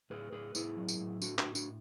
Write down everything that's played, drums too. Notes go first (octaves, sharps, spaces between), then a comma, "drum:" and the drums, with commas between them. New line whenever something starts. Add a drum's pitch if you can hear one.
A2 G#4 B4
A2 G#4 B4
A2 E4 G#4, drum: tambourine
F#3
drum: tambourine
A2
A3 D4 F#4, drum: tambourine
D4 F#4, drum: clap
A2
D4 F#4, drum: tambourine